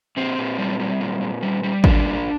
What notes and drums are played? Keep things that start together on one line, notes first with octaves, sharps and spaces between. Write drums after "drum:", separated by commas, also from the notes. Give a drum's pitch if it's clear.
A#2 C4
A#2
G3
G3
A#2
A#2
G3
G3
A#2 D4, drum: kick G#1
A#2